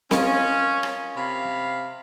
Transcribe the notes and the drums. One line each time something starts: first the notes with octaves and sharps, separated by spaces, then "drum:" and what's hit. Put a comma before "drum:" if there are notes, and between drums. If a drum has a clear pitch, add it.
C#4 F4 A#4 D#5, drum: snare C4
drum: rim click
C3 F5 B5